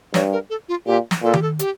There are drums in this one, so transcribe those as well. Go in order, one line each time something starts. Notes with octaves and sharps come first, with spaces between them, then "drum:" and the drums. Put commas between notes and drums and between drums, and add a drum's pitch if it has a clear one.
G2 C#5, drum: snare
A#4
A4
F4
A#2 G4
drum: snare
A#2 A4
G4, drum: tom D#3
A4
G4, drum: hi-hat